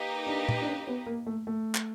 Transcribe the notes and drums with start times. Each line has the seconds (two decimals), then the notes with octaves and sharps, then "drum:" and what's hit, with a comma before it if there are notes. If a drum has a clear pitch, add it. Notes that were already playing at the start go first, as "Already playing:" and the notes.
Already playing: A#3 D#4 G4 B4 D#5
0.27 D4
0.49 drum: tom
0.62 D4
0.67 C#4
0.87 B3
1.06 A#3
1.26 A3
1.47 A3
1.75 drum: clap